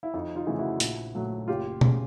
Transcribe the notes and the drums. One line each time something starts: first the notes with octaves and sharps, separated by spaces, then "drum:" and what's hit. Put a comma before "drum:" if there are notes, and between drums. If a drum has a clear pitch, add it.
E4
F2 D#4
D#4 F4
C#3 E3 A3
E4 F#4
A#1, drum: hi-hat
A#2 F#3 A3
F#1 F4 G4
C#3, drum: tom B2